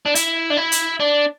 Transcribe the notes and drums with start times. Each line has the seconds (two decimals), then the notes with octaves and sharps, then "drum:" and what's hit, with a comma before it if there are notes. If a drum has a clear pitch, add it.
0.06 D4
0.15 E4, drum: hi-hat
0.50 D4
0.57 E4
0.72 drum: hi-hat
1.00 D4